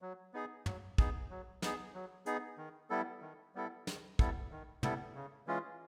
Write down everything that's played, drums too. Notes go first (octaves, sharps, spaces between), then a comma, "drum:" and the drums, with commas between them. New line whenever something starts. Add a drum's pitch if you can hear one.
F#3
B3 D#4 G#4
F#3, drum: tom
B3 D#4 G#4, drum: kick
F#3
B3 D#4 G#4, drum: snare
F#3
B3 D#4 G#4, drum: hi-hat
D#3
G3 B3 E4 A4
D#3
G3 B3 E4 A4
D#3, drum: snare
G3 B3 E4 A4, drum: kick
D#3
G3 B3 E4 A4, drum: tom
C#3
E3 G#3 C#4 F4